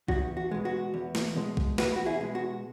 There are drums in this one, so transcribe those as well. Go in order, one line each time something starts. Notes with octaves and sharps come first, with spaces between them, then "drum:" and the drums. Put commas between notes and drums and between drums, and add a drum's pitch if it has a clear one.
E2 F#4, drum: kick
F#4
B2 G#3
F#4
E2
drum: snare
B2 G#3
drum: kick
E2 F#4 B4, drum: snare
F#4
E4 G#4
B2 G#3
F#4